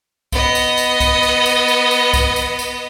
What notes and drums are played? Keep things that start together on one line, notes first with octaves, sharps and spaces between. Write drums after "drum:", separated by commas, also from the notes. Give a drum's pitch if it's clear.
B3 D#5, drum: kick C2, tambourine
drum: tambourine
drum: tambourine
drum: kick C2, tambourine
drum: tambourine
drum: tambourine
drum: tambourine
drum: tambourine
drum: kick C2, tambourine
drum: tambourine
drum: tambourine